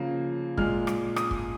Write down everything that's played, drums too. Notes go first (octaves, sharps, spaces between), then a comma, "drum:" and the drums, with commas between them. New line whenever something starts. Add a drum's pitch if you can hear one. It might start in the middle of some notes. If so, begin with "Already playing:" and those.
Already playing: C#3 F3 A#3
A#2 G#3 F6, drum: kick
drum: rim click
D#6, drum: rim click
drum: kick